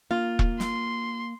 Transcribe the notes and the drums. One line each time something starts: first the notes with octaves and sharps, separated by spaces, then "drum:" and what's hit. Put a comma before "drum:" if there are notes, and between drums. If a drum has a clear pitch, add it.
A#3 F4
drum: kick E1
C6, drum: snare